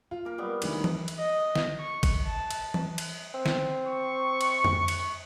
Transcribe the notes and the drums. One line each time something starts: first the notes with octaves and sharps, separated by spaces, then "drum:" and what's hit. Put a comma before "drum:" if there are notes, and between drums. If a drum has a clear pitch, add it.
F4
A#3 A#4
F#3 G3 B3
D2 D#3 E3, drum: cymbal
drum: tom E3
drum: cymbal
D#5
drum: snare
C#6
drum: kick G#1, cymbal
A5
drum: cymbal
drum: tom E3
drum: cymbal
C4
drum: snare
C#6
drum: cymbal
drum: tom F2
drum: cymbal